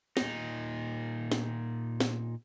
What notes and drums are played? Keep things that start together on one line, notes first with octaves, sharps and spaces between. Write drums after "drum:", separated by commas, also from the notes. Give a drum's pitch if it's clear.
A#2 D#4, drum: snare
drum: snare
drum: snare